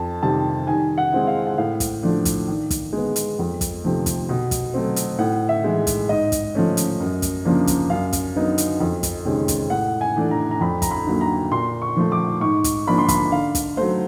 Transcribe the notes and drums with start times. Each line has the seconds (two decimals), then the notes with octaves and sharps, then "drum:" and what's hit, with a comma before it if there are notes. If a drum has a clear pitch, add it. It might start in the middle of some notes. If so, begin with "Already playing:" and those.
Already playing: F2 A5
0.22 C3 D#3 G3 A5
0.67 D#3 G#5
0.98 F#5
1.12 G#3 C4 E4
1.27 F5
1.47 F#5
1.58 A2 F5
1.80 drum: kick, hi-hat
2.03 F3 A3 D4
2.25 drum: kick, hi-hat
2.48 D#3
2.71 drum: kick, hi-hat
2.93 G#3 B3
3.16 drum: hi-hat
3.39 F2
3.61 drum: kick, hi-hat
3.84 C3 F3 A3
4.06 drum: kick, hi-hat
4.29 B2
4.51 drum: kick, hi-hat
4.74 F#3 A3 C4
4.96 drum: hi-hat
5.18 A2 F#5
5.49 E5
5.64 E3 G#3
5.87 drum: kick, hi-hat
6.09 G#2 D#5
6.32 drum: kick, hi-hat
6.55 F3 A3 C#4
6.77 drum: hi-hat
7.00 F#2
7.22 drum: kick, hi-hat
7.45 C#3 F3 A#3 D4
7.67 drum: kick, hi-hat
7.90 F#2 F5
8.13 drum: kick, hi-hat
8.35 D3 F#3 B3 D#4
8.58 drum: hi-hat
8.80 F2
9.03 drum: kick, hi-hat
9.25 C3 D#3 G#3 C#4
9.48 drum: kick, hi-hat
9.70 A2 F#5
10.01 G#5
10.16 E3 A3 D4
10.31 A#5
10.51 A#5
10.60 F2 B5
10.82 A#5, drum: kick, hi-hat
10.91 B5
11.06 D3 F#3 A#3
11.21 A#5
11.51 A#2 C6
11.82 C#6
11.96 F3 A3
12.12 D6
12.41 G#2 C#6
12.64 drum: kick, hi-hat
12.87 F3 A#3 D4 B5
12.98 C6
13.08 B5, drum: kick, hi-hat
13.32 D3 F5
13.55 drum: kick, hi-hat
13.77 F#3 A3 C5